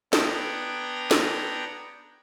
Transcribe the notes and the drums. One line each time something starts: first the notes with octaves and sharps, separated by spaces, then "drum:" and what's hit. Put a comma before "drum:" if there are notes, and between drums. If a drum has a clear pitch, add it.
B3 D4 G5 A#5 G#6 A#6, drum: snare
drum: snare